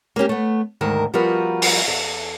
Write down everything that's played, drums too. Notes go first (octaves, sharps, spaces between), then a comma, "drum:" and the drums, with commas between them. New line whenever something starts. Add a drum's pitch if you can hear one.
A#3 B3 C#4 G4
A3 B3
D2 G#2 D#3 A#4 A5
F3 G3 B3 F#4 A#4 B4
drum: open hi-hat
E2 A4